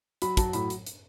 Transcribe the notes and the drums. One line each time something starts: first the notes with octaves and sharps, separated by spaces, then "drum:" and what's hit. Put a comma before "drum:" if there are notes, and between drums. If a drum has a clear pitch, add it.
F#3 B5, drum: hi-hat
F#3 A5, drum: kick, hi-hat
A2 B5, drum: hi-hat
drum: hi-hat
drum: hi-hat